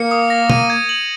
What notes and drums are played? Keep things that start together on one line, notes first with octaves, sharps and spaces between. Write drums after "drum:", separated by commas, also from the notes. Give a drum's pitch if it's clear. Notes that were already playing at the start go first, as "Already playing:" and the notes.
Already playing: A#3 C#7
D#6
A#6
D#7, drum: tom
G#6
F#7